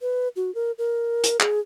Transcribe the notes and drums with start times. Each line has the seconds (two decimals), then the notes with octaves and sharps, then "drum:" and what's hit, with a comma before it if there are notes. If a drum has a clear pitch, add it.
0.01 B4
0.36 F#4
0.55 A#4
0.78 A#4
1.24 drum: hi-hat
1.40 G#4, drum: clap